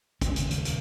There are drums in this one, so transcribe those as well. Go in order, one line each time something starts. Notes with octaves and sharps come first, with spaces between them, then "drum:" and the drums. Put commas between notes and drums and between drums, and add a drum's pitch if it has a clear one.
D#1 C#2 C#4, drum: kick, hi-hat
drum: hi-hat
drum: hi-hat
drum: hi-hat